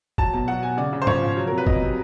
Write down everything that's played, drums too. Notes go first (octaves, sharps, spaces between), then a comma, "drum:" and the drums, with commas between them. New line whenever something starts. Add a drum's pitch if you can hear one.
F#3 A5, drum: kick
B2 A5
F#3 F#5
B2 G#5
C#3 D5
C#3
C5
F3 C#5, drum: tom
F3
F#3
A#4
C3
B4
C3 D#5, drum: kick
C3